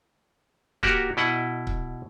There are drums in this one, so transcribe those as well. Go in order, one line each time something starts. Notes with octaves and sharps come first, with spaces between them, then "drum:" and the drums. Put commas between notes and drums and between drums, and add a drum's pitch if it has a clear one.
A#3 F#4 G4 A#4 F#5, drum: kick C#1
B2 E4 D#5 F#5
drum: kick C#1